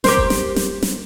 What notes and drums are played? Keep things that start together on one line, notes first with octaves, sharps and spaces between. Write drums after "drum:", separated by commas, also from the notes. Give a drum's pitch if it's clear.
G4 A#4 C5, drum: snare
drum: kick F#1
drum: snare
drum: snare
drum: snare